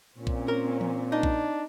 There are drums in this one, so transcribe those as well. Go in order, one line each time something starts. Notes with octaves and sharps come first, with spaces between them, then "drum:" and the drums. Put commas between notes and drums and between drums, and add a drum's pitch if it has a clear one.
A#2 C4 C#4
drum: kick A#1
A#4
drum: tom E3
D4 D#4
drum: kick A#1